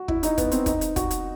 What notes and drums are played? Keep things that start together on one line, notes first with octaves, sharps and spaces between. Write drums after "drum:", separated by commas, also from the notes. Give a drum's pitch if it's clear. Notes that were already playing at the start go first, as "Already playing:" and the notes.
Already playing: F#4
E4, drum: kick
D#4, drum: hi-hat
B3, drum: kick, hi-hat
C4, drum: hi-hat
D#4, drum: kick, hi-hat
drum: hi-hat
F#4, drum: kick, hi-hat
drum: hi-hat